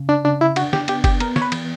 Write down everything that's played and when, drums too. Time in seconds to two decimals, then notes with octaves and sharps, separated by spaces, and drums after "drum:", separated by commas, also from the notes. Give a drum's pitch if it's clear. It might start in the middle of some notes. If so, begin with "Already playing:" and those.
Already playing: C#3
0.09 D4
0.25 C#3 D4
0.41 E4
0.56 D4 F#4, drum: cymbal
0.73 G4, drum: snare
0.88 B3 G4, drum: cymbal
1.04 G4, drum: kick F#1, cymbal
1.20 B3 A#4, drum: cymbal
1.36 C#5, drum: snare
1.42 B4
1.52 E3, drum: cymbal